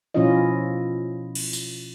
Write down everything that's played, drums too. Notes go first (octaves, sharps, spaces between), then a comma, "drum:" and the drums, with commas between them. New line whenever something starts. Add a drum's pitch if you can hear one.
B2 F3 C#4 E4 F4 D#5
drum: cymbal
drum: tambourine